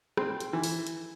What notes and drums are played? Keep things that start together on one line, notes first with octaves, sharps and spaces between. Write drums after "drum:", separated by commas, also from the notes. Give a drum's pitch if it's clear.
C4, drum: rim click
drum: hi-hat
E3
drum: open hi-hat
drum: hi-hat